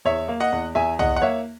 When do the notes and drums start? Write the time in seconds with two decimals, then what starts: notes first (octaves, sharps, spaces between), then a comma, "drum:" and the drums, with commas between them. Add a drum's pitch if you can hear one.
0.05 E2 C#5 E5
0.28 A#3
0.40 D#5 F#5
0.52 E2
0.75 E2 E5 G#5
0.99 E2 D#5 F#5, drum: tom
1.16 F#5
1.22 A#3 C#5 E5